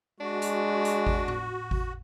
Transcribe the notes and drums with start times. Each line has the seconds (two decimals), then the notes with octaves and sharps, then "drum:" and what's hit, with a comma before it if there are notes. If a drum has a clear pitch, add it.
0.20 G#3 D4 F#4
0.42 drum: hi-hat
0.85 drum: hi-hat
1.07 drum: kick G#1
1.28 drum: tom A2
1.71 drum: kick G#1